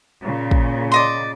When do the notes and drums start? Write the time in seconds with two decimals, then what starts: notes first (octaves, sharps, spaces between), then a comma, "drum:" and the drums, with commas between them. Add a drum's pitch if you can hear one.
0.23 A#2 C#3
0.51 drum: kick
0.92 D5 D#5 C6